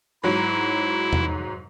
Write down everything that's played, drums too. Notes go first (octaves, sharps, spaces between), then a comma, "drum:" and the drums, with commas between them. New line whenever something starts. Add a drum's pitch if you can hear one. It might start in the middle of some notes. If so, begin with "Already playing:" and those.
G#2 F#3 E4
drum: tom E2